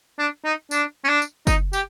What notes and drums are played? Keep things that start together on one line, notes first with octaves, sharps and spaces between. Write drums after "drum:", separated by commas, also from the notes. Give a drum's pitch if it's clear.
D4
D#4
D4, drum: tambourine
C#4
D4
drum: tambourine
D#4, drum: kick, tambourine
G4, drum: tambourine